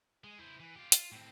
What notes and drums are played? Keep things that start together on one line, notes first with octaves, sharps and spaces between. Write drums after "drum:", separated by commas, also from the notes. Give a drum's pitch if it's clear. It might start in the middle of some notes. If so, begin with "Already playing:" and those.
G#3
E4 C5
E3
F4 G4
F4, drum: hi-hat
A2 C4